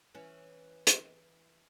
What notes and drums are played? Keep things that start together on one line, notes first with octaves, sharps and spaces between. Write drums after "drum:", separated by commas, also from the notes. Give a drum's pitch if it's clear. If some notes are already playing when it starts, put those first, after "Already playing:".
E3 C#4
drum: hi-hat